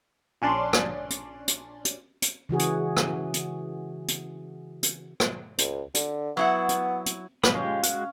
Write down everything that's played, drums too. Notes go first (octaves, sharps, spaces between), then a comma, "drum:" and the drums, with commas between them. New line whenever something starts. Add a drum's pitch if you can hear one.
A#1 C#4 D4 D5 C6
drum: rim click
drum: hi-hat
drum: hi-hat
drum: hi-hat
drum: hi-hat
C#3 E3 F#4 G#4
drum: hi-hat
drum: rim click
drum: hi-hat
drum: hi-hat
drum: hi-hat
drum: rim click
C#2, drum: hi-hat
D3, drum: hi-hat
F#3 B3 E4 F#5
drum: hi-hat
drum: hi-hat
F5 B5, drum: rim click
G#3 C#4 F4 G4
G#3 F#4, drum: hi-hat